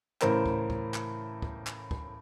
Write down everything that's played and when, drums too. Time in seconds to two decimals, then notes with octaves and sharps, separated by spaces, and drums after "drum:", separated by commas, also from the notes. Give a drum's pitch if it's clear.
0.21 A2 C#3 E3 A#4 C5, drum: clap
0.46 drum: kick
0.70 drum: kick
0.94 drum: clap
1.42 drum: kick
1.67 drum: clap
1.91 drum: kick